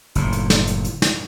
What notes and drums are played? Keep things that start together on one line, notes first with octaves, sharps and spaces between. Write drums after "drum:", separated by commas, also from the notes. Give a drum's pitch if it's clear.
F#1 A2, drum: hi-hat
drum: hi-hat
drum: snare
drum: hi-hat
drum: hi-hat
drum: snare